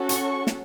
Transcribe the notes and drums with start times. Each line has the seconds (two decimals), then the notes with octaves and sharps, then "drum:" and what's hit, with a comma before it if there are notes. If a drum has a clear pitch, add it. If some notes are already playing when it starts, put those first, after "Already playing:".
Already playing: C#4 F#4 A4
0.09 C#6, drum: hi-hat
0.47 drum: snare